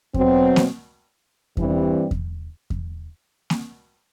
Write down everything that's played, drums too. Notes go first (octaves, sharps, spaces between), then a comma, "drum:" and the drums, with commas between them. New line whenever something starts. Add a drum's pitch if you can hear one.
B2 F#3 C4, drum: kick E2
drum: snare A#3
G2 E3 G3 C4, drum: kick E2
drum: kick E2
drum: kick E2
drum: snare A#3